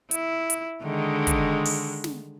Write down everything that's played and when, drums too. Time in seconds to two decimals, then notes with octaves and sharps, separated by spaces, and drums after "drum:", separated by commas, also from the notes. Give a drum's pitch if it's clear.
0.11 E4, drum: hi-hat
0.50 drum: hi-hat
0.83 D3 D#3 G#3
1.27 drum: kick, hi-hat
1.65 drum: open hi-hat
2.04 drum: snare